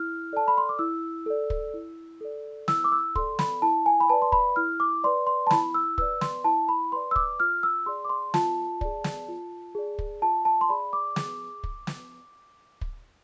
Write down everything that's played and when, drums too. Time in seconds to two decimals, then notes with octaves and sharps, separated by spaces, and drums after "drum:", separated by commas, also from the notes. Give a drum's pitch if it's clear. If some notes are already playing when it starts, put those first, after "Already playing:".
Already playing: E4 F6
0.33 A4 D5 A5
0.48 B5
0.58 C6
0.69 D6
0.79 E4 E6
1.26 A4 D5
1.50 drum: kick
1.74 E4
2.21 A4 D5
2.68 E4 E6, drum: snare
2.84 D6
2.92 E6
3.15 A4 D5 C6, drum: kick
3.39 B5, drum: snare
3.62 E4 A5
3.86 G#5
4.00 B5
4.10 B4 D5 A5
4.22 C6
4.32 B5, drum: kick
4.56 E4 F6
4.80 D6
5.04 B4 D5 C6
5.27 C6
5.47 A5
5.51 E4 B5, drum: snare
5.74 E6
5.98 B4 D5 E6, drum: kick
6.21 C6, drum: snare
6.45 E4 A5
6.69 B5
6.92 B4 D5 C6
7.11 E6
7.16 D6, drum: kick
7.40 F4 F6
7.63 E6
7.86 G#4 D5 C6
8.05 D6
8.09 C6
8.34 F4 A5, drum: snare
8.81 G#4 D5, drum: kick
9.04 drum: snare
9.28 F4
9.75 G#4 D5
9.99 drum: kick
10.22 F4 A5
10.45 A5
10.61 C6
10.69 G#4 D5 B5
10.93 D6
11.16 G#4, drum: snare
11.64 drum: kick
11.87 drum: snare
12.81 drum: kick